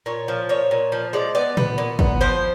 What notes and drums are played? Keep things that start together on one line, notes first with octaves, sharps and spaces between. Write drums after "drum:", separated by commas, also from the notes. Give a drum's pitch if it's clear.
A#2 C#5
F3
A#2 C#5
A#2
F3
G#3 D5
B3 D5
B3, drum: tom A2
A#2
B3, drum: kick
F3 C5